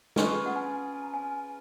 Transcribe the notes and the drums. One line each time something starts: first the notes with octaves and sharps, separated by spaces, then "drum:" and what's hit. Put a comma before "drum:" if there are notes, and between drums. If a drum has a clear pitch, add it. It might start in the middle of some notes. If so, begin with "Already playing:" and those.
C#4 F4 G#4 B4 D#5, drum: snare
F#5
G#5
G#5
A#5
G#5